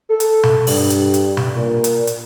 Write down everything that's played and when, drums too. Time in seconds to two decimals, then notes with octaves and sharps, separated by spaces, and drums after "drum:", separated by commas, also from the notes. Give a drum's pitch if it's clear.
0.09 A4
0.20 drum: hi-hat
0.43 drum: tom B2
0.67 G2, drum: open hi-hat
0.90 drum: hi-hat
1.14 drum: hi-hat
1.37 drum: tom B2
1.55 A#2
1.84 drum: hi-hat
2.07 drum: hi-hat